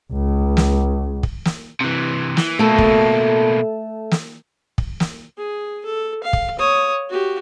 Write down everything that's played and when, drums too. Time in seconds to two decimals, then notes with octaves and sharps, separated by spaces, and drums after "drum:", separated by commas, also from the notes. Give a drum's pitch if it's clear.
0.12 C#2
0.57 drum: snare
1.23 drum: kick
1.45 drum: snare
1.81 C3 E3
2.37 E3, drum: snare
2.59 B2 A3 A#3 A4
2.78 drum: kick
4.11 drum: snare
4.78 drum: kick
5.00 drum: snare
5.37 G#4
5.85 A4
6.23 F5
6.33 drum: kick
6.59 C#5 D#6
7.10 F#4 G4